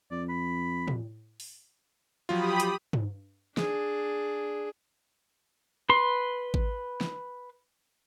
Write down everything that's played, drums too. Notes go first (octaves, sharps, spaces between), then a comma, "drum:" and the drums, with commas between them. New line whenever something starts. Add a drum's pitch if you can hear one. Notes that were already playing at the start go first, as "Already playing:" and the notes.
F2 D5
B5
drum: tom
drum: open hi-hat
F3 F#3 F4 G4 B5 D#6
drum: hi-hat
drum: tom G2
D4 G#4, drum: snare
B4 C6
drum: kick G#1
drum: snare